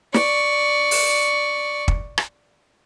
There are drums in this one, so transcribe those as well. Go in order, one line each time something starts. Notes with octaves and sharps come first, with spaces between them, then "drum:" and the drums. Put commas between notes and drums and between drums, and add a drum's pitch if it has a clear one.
D5 C#6, drum: snare
drum: open hi-hat
drum: kick
drum: rim click